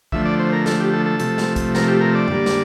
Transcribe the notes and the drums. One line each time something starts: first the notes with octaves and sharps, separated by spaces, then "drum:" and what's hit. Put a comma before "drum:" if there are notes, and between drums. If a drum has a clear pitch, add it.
D3 F3 A3 E5, drum: kick
D5
C5
A#4
A4, drum: snare
G4
A4
A4
C3 F3 A3, drum: hi-hat
drum: snare
drum: kick, hi-hat
A#4, drum: snare
G4
A#4
D5
D3 G3 A#3, drum: tom F2
drum: snare